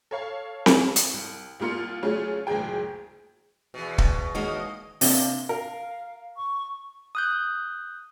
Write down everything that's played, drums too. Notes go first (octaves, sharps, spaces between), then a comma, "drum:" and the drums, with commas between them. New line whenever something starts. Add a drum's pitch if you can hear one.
A4 C#5 F5
drum: snare C4
drum: hi-hat
C2
C2 G3 A#3 F4 C6 C#7
C#3 F#3 A3 C#4 F4 G#4
F#1 D2 A#2 G#3 G#4 G5
E2 B2
drum: kick
D#3 G#3 A#3 C#4 F#4 D#5
C3 A#3 D4, drum: open hi-hat
A#4 F5
C#6
D#6 F#6 G6